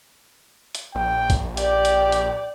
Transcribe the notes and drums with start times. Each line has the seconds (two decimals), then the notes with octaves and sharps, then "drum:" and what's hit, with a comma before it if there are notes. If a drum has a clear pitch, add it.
0.75 drum: hi-hat
0.95 A#1 G5
1.30 drum: kick A#1, hi-hat
1.57 G4 D5 G5, drum: hi-hat
1.85 drum: hi-hat
2.12 drum: hi-hat